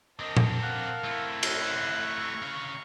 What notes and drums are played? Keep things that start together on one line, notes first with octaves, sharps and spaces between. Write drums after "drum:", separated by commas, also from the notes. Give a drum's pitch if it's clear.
C4 D4 A4 A#4 D#5
drum: tom A#2
F5 F#5
A3 C4 E4
F#6, drum: cymbal
A#5 C#6
C#4 F5